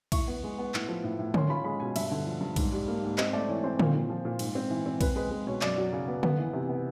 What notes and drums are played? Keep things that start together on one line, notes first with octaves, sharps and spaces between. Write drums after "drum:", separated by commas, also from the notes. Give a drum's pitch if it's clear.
E4 C#6, drum: kick B1, cymbal
B3
G#3
B3
A2, drum: clap
F3
A2
A2
C#4 C6, drum: tom D3
F4 B5
G#3 B5
B2 G#5
G2 E5, drum: cymbal
D3
F3
G2
G#2, drum: kick B1, cymbal
G3
A#3
G#2
C4 D#5, drum: clap
A3 D5
E3 C#5
C4 C5
A#2, drum: tom D3
A#2
F3
A#2
G#2, drum: cymbal
C4
E3
C4
C4 B4, drum: kick B1, cymbal
G#3 B4
G#3
B2 C#5
F#2 D5, drum: clap
F#3
C#3
B3
B3, drum: tom D3
E3
C3
B3